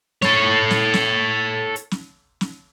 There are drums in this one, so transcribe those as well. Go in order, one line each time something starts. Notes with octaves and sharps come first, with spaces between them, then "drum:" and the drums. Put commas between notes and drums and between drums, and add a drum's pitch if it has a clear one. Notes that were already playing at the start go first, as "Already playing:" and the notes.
A4 C#5, drum: snare
drum: snare
drum: snare
drum: hi-hat
drum: snare
drum: snare